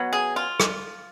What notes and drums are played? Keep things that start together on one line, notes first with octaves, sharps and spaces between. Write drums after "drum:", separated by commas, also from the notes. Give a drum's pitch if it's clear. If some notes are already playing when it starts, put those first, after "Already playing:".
Already playing: B2 F#3 B3
G#4
F4
drum: rim click